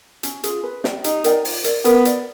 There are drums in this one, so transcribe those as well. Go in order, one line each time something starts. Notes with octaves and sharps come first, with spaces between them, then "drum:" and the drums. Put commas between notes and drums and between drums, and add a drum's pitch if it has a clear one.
C#4, drum: hi-hat
F4 G#4, drum: hi-hat
B4
D5 G5, drum: snare
D#4 G4, drum: hi-hat
A#4 D5 G5, drum: hi-hat
F4, drum: open hi-hat
A#4 D5, drum: hi-hat
B3 A#4, drum: hi-hat
D5 F#5, drum: hi-hat